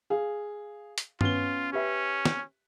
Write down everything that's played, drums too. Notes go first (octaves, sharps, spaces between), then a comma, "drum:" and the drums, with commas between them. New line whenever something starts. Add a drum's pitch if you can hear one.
G#4 F5
drum: hi-hat
B3 C#4 F4 G7, drum: tom G2
C#4 G4 B4 E5
drum: snare